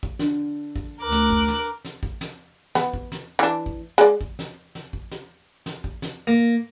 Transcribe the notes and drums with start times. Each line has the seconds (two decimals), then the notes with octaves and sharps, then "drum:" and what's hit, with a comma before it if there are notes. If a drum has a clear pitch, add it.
0.03 drum: kick
0.19 D3, drum: snare
0.76 drum: kick
1.02 D2 A#4 D6 F#6
1.12 drum: snare
1.30 drum: kick
1.48 drum: snare
1.85 drum: snare
2.03 drum: kick
2.21 drum: snare
2.75 B3, drum: snare
2.93 drum: kick
3.12 drum: snare
3.39 E3 D4
3.66 drum: kick
3.98 G#3 D5
4.21 drum: kick
4.39 drum: snare
4.75 drum: snare
4.93 drum: kick
5.11 drum: snare
5.66 drum: snare
5.84 drum: kick
6.02 drum: snare
6.27 A#3